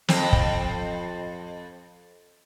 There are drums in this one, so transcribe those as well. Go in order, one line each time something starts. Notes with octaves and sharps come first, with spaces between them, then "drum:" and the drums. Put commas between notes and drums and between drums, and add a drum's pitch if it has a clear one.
F2 C4, drum: snare
drum: kick